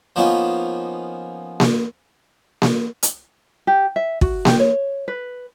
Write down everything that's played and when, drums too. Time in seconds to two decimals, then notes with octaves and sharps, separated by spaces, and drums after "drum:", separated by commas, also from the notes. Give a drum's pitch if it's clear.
0.16 F3 A#3 B3 C#4 D#4
1.60 drum: snare A#3
2.62 drum: snare A#3
3.03 drum: hi-hat
3.67 G4
3.96 E5
4.21 F#4, drum: kick
4.45 G4, drum: snare A#3
4.60 C#5
5.08 B4